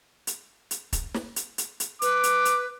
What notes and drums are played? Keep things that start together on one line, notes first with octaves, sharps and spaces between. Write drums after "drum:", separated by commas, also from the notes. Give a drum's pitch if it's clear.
drum: hi-hat
drum: hi-hat
drum: kick, hi-hat
drum: snare
drum: hi-hat
drum: hi-hat
drum: hi-hat
B4 D6, drum: hi-hat
drum: hi-hat
drum: hi-hat